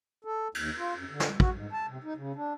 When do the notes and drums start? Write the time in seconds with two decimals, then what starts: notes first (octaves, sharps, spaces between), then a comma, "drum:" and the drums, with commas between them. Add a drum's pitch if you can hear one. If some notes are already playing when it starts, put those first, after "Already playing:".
0.25 A4
0.55 D#2, drum: cymbal
0.78 F4
0.97 F#2
1.10 D3
1.20 drum: snare
1.40 F#4, drum: kick
1.54 G#2
1.72 A5
1.88 C3
2.04 D#4
2.17 C#3
2.35 D4